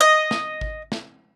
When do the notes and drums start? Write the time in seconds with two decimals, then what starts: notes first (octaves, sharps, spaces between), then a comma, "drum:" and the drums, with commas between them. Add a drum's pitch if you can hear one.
0.01 D#5
0.31 drum: snare
0.61 drum: kick G#1
0.92 drum: snare